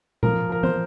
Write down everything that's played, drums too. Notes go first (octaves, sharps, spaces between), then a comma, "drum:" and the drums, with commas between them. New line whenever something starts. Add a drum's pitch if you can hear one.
F3 A#4, drum: tom A#2
F3 A#4
C5, drum: tom